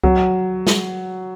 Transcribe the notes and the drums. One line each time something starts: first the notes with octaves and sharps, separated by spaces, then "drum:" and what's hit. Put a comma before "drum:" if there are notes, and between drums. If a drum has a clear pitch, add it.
F#3, drum: kick C2
drum: snare